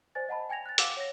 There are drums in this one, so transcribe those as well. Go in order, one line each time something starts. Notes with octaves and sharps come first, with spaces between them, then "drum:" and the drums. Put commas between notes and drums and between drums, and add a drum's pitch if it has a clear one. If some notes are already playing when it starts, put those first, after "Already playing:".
C5 D5 G#5 A6
D#5 F#5 A5 B5
G5 G#5 G#6 A#6 F7
F#6 A6
F5 F#5 D6 E6, drum: hi-hat
C#5 A#6